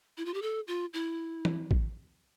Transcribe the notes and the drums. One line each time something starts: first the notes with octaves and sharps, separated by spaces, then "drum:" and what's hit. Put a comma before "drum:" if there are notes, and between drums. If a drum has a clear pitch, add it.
E4
F4
G4
A4
F4
E4
drum: tom E3
drum: kick A1